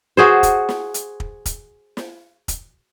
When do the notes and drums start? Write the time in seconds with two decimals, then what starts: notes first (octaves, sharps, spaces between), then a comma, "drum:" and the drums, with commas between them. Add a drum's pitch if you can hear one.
0.17 F#4 G#4 C5
0.43 drum: kick, hi-hat
0.69 drum: snare
0.94 drum: hi-hat
1.20 drum: kick
1.46 drum: kick, hi-hat
1.97 drum: snare
2.48 drum: kick, hi-hat